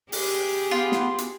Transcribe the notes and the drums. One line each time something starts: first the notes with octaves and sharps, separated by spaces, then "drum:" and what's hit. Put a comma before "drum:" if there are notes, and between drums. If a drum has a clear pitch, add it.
G4 G#4, drum: open hi-hat
B3 F4
drum: snare
drum: hi-hat